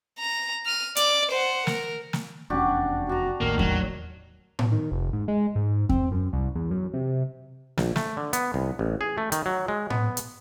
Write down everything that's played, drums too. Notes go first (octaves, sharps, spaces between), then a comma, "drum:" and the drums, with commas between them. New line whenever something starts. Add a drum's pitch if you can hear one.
A#5
F6 D#7
D5, drum: hi-hat
C5 F#5
A#4, drum: snare
drum: snare
F1 E2 C#4 D4 F#4 G4
D4 F#4 A#5
A1 D#2 A2 D#3 A#3
F#3, drum: kick E2
B2, drum: tom A2
D#3
F1
G#2
G#3
G#2
C4, drum: kick E2
F#2
C2
E2
F#2
C3
A#1, drum: snare
A3, drum: snare
D3
B3, drum: hi-hat
C2
A1
G#4
A3
D#3, drum: hi-hat
F#3
G#3
B3, drum: tom A2
drum: hi-hat